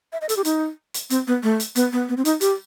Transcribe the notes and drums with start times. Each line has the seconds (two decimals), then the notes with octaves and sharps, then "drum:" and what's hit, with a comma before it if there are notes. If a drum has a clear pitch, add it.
0.13 E5
0.21 D#5
0.29 A4, drum: hi-hat
0.37 G4
0.45 D#4, drum: hi-hat
0.94 drum: hi-hat
1.10 C4, drum: hi-hat
1.27 B3
1.43 A3
1.60 drum: hi-hat
1.76 B3, drum: hi-hat
1.92 B3
2.09 B3
2.17 C4
2.25 D#4, drum: hi-hat
2.41 G4, drum: hi-hat